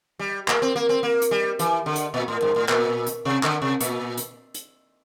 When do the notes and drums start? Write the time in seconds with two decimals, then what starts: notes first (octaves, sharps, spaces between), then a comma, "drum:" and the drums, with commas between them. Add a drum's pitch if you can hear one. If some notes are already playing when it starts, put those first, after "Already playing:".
0.19 G3
0.48 A#3, drum: clap
0.62 C4
0.76 A#3
0.89 C4
1.03 A#3
1.22 drum: hi-hat
1.31 G3
1.59 E3, drum: hi-hat
1.86 D3
1.96 drum: hi-hat
2.14 A#2
2.28 A2
2.42 G2
2.56 A2
2.69 A#2, drum: clap
3.07 drum: hi-hat
3.25 C3
3.43 D3, drum: clap
3.62 C3
3.80 A#2, drum: hi-hat
4.17 drum: hi-hat
4.54 drum: hi-hat